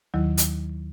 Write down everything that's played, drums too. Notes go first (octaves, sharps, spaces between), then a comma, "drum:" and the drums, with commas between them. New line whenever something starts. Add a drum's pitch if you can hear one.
D#2 D#3 F#3 E4
drum: hi-hat